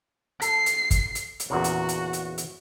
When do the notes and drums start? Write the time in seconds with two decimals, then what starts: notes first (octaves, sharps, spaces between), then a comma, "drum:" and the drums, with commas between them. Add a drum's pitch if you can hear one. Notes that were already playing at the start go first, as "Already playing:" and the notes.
0.42 A4 C7, drum: hi-hat
0.66 drum: hi-hat
0.91 drum: kick, hi-hat
1.15 drum: hi-hat
1.40 drum: hi-hat
1.50 E2 A#2 C#3 F#4
1.64 drum: hi-hat
1.89 drum: hi-hat
2.13 drum: hi-hat
2.38 drum: hi-hat